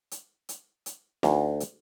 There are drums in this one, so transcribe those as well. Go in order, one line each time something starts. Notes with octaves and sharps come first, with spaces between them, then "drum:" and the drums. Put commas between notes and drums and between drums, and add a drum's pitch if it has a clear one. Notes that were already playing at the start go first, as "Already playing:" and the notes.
drum: hi-hat
drum: hi-hat
drum: hi-hat
D2, drum: snare
drum: hi-hat